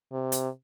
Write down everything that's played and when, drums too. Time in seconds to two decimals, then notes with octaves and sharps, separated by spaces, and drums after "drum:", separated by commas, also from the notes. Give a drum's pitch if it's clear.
0.12 C3
0.32 drum: hi-hat